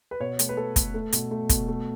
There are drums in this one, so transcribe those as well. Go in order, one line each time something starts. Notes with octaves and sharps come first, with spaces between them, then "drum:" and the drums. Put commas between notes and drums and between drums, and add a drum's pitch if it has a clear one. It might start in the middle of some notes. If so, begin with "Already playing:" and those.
B4
B2 C#5
A3, drum: hi-hat
B4
A3 A4
A3, drum: kick, hi-hat
A3
B2, drum: hi-hat
A3
B2, drum: kick, hi-hat
A3